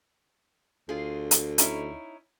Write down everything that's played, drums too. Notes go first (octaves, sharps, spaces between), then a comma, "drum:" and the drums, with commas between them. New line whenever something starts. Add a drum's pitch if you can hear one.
D2 F4 G#4
drum: hi-hat
C#4 D#4 E4, drum: hi-hat